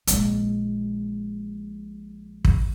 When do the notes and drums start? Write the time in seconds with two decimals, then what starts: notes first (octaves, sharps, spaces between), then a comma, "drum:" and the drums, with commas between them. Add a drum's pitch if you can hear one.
0.07 A#1 G#3, drum: hi-hat
2.45 drum: kick